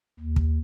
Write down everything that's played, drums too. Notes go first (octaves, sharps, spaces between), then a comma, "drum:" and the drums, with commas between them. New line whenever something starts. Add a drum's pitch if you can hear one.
D#2
drum: kick